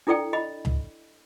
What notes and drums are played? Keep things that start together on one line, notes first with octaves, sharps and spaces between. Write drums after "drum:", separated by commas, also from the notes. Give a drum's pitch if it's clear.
D4 E4 A4 D5 G5
D#5 B5
drum: tom C#2